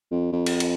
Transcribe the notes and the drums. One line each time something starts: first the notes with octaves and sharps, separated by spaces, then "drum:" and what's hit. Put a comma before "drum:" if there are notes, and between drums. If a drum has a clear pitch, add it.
F2
F2
drum: cymbal
drum: cymbal